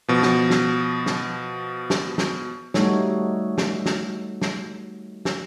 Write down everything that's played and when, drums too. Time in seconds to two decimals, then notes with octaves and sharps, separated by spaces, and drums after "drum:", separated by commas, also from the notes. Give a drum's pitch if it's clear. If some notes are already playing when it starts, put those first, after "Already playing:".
0.08 B2 F3
0.22 drum: snare
0.50 drum: snare
1.06 drum: snare
1.90 drum: snare
2.18 drum: snare
2.74 G3 A3 D#4 F#4 A4 C#5, drum: snare
3.58 drum: snare
3.86 drum: snare
4.42 drum: snare
5.25 drum: snare